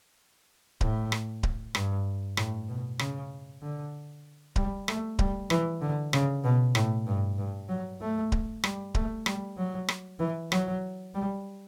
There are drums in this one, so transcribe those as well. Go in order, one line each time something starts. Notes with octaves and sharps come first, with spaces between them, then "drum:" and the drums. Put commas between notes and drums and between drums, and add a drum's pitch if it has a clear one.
A2, drum: kick D1
drum: rim click
drum: kick D1
G2, drum: rim click
A2, drum: rim click
B2
C#3, drum: rim click
D3
G3, drum: kick D1
A3, drum: rim click
G3, drum: kick D1
E3, drum: rim click
D3
C#3, drum: rim click
B2
A2, drum: rim click
G2
G2
F#3
A3
drum: kick D1
G3, drum: rim click
A3, drum: kick D1
G3, drum: rim click
F#3
drum: rim click
E3
F#3, drum: rim click
G3